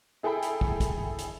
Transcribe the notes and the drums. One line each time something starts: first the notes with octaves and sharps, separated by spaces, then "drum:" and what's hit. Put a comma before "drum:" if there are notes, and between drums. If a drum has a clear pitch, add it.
E4 G#4 A4 G5 B5
drum: hi-hat
drum: kick
drum: kick, hi-hat
drum: hi-hat